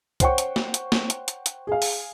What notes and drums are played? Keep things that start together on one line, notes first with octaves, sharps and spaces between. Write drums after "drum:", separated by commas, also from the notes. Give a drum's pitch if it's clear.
C5 C#5 F#5 G5 C#6, drum: kick C2, hi-hat
drum: hi-hat
drum: snare
drum: hi-hat
drum: snare
drum: hi-hat
drum: hi-hat
drum: hi-hat
G#4 F5
drum: open hi-hat